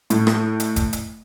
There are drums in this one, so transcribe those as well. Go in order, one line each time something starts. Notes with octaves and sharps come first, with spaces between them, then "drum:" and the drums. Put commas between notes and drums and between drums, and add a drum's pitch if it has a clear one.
A2, drum: hi-hat
drum: rim click
drum: hi-hat
drum: kick F1, hi-hat
drum: hi-hat